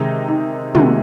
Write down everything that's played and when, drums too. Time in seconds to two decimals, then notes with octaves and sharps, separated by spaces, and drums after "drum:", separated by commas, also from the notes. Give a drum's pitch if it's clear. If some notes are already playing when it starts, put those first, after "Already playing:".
Already playing: C3 D#3 G#3 D#4
0.28 D#4
0.75 C3 D#3 G#3 F#4, drum: tom